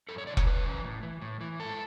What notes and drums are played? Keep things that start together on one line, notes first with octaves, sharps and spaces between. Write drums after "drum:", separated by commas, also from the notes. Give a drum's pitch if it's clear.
F#2 A4
C#5
C#3 E3 D5
C#5, drum: kick F1
F#2 B4
C#3 E3
A2
E3
A2
E3
G#2 A4